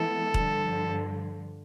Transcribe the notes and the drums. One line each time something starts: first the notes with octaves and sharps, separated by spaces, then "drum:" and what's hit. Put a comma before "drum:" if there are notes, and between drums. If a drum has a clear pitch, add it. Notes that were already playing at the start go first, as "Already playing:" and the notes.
Already playing: E3 G#3 B3 E4 A4
G2 D3 F3, drum: kick E1